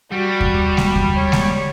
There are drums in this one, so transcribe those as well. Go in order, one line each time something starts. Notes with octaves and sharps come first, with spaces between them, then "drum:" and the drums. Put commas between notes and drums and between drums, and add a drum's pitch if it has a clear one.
G3 F#4
drum: kick D#2
drum: snare G#3
drum: kick D#2
C#5
drum: snare G#3